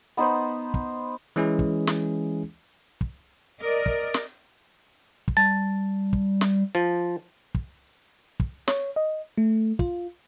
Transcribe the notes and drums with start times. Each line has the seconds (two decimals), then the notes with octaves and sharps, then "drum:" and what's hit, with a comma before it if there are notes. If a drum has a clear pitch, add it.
0.17 B3 D#4 B4 C5
0.74 drum: kick
1.36 E3 G#3 C#4 E4 G#4
1.59 drum: kick
1.87 drum: snare
3.01 drum: kick
3.62 A#4 D5 D#5
3.86 drum: kick
4.14 drum: snare
5.28 drum: kick
5.37 G3 A5
6.13 drum: kick
6.41 drum: snare
6.75 F3
7.55 drum: kick
8.40 drum: kick
8.68 C#5, drum: snare
8.96 D#5
9.38 A3
9.79 F4, drum: kick